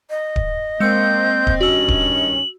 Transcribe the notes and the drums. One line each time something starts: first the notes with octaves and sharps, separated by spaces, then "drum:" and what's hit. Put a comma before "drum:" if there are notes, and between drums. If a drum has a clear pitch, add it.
D#5
drum: kick D1
G#3 A#3 C4 E6 G6 C#7
drum: kick D1
G2 D#3 C#4 F#4 E6 F#7
drum: kick D1